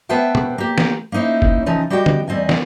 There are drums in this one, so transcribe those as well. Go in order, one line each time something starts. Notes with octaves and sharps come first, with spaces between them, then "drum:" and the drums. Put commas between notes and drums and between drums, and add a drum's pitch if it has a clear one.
B3 B4 C5 E5 G5 A5
drum: tom B2
A#3 G4
drum: snare
A#3 C#4 D#4 E4 C5
drum: kick
C#3 E3 F3 D#4
G3 F#4 G4 D#5 G5
drum: tom
E2 G3 C4 D#5 G#5
drum: snare